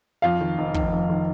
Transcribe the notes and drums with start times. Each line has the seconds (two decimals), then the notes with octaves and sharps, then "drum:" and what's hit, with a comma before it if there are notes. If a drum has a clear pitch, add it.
0.22 F2 F4 F5
0.41 D#3
0.58 F1
0.74 F1, drum: kick
0.92 F2
1.10 D#3